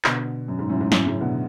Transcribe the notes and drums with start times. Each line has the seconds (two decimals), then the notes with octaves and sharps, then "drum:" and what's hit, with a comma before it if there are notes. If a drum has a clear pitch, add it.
0.04 B2 D3, drum: clap
0.48 F#2
0.59 G#2
0.69 F#2 A2
0.81 G#2
0.92 F#2 A2, drum: snare
1.06 A2 C#3
1.21 B2 D3